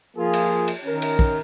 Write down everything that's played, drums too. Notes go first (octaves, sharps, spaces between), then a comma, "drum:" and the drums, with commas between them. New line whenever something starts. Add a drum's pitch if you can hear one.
F3 A#3 F4 G#4
drum: cymbal
drum: cymbal
D#3 C#4 A#4
drum: cymbal
drum: kick